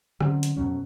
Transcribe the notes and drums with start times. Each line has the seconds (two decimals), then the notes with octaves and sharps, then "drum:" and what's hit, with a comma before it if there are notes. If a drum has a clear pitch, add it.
0.21 D3 F#3 C4 C#4, drum: rim click
0.43 drum: hi-hat
0.56 F2 B2 F#3 C#4